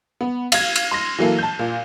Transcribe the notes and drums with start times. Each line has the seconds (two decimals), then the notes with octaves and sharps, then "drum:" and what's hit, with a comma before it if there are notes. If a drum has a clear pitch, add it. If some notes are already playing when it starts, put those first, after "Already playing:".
0.21 B3
0.52 F5 G#6, drum: cymbal
0.76 drum: cymbal
0.91 C6 A#6
1.19 E3 F#3 A#3 A4
1.39 A5 G6
1.59 A#2